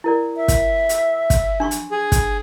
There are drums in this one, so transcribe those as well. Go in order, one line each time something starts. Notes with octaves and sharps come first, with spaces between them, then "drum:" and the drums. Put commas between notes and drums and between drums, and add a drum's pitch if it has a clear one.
E4 A#4 D5
E5
drum: kick, hi-hat
drum: hi-hat
drum: kick, hi-hat
D4 C6 C#6
drum: hi-hat
G#4
drum: kick, hi-hat